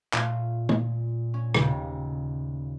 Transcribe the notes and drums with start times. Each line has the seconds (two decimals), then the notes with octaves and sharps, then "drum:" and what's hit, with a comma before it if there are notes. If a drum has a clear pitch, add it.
0.13 A#2 A3 F4, drum: clap
0.69 drum: tom D3
1.34 C#4
1.54 D#1 C#3 G4, drum: rim click